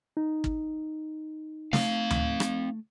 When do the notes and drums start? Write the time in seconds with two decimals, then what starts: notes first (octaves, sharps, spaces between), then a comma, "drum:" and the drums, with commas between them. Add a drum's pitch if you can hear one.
0.17 D#4
0.44 drum: kick
1.73 A3 C4 F5, drum: snare
2.10 drum: tom D2
2.40 drum: rim click